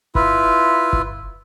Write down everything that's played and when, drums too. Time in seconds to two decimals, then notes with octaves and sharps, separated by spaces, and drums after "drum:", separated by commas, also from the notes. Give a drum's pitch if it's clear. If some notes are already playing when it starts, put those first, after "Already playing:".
0.15 E4 F4 B4, drum: kick G1
0.93 drum: kick G1